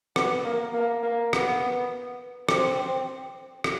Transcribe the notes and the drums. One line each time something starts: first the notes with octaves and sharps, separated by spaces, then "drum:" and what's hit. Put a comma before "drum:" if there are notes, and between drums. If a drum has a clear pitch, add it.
B3, drum: rim click
A#3
A#3
A#3
B3, drum: rim click
C4, drum: rim click
drum: rim click